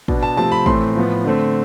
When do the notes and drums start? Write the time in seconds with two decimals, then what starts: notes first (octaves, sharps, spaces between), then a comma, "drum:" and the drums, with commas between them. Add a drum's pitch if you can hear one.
0.08 B2 B3 D4, drum: kick
0.23 A5
0.37 C3 F3 A3 C4 A5
0.52 B5
0.66 A2 E3 A3 C4 C6, drum: kick
0.95 A2 F3 B3
1.24 D3 A3 C4